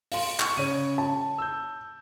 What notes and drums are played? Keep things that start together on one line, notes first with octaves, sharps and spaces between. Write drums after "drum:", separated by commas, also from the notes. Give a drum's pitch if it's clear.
F5 C6, drum: open hi-hat
C#6, drum: clap
C#3 C#5 D#7
A5
E6 G6